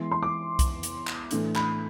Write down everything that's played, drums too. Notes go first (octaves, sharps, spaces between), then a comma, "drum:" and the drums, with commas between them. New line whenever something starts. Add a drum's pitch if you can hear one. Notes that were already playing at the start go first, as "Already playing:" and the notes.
Already playing: E3 G#3 B3 C6
C6
D6
drum: kick B1, hi-hat
drum: hi-hat
drum: clap
A2 E3 A3 D4, drum: hi-hat
B5, drum: clap